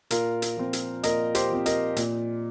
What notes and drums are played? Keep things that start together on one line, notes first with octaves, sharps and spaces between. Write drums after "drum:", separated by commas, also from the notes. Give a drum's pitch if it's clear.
A#2 F4 A#4, drum: hi-hat
drum: hi-hat
F3 C4
drum: hi-hat
A#2 A#4 D#5, drum: hi-hat
G4 C5, drum: hi-hat
F3 C4
A#4 D#5, drum: hi-hat
A#2, drum: hi-hat